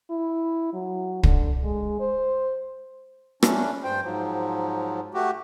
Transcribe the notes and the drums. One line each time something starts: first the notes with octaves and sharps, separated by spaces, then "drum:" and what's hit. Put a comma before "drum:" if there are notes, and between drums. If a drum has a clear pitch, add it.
E4
F#3
D3, drum: kick
G#3
C5
G3 A3 C#4 D4, drum: rim click
G2 C5 G5
G#2 F3 F#3
A3 F#4 G4